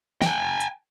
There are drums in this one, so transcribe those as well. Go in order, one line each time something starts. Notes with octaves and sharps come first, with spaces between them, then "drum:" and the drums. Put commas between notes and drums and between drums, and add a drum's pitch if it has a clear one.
G5 G#5, drum: snare
drum: hi-hat